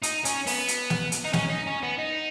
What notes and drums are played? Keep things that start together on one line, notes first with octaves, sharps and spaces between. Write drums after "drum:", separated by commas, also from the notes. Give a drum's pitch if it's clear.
D#4, drum: hi-hat
C#4, drum: hi-hat
B3, drum: open hi-hat
drum: hi-hat
drum: snare
drum: hi-hat
D#4
C#4, drum: snare
D#4
C#4
B3
D#4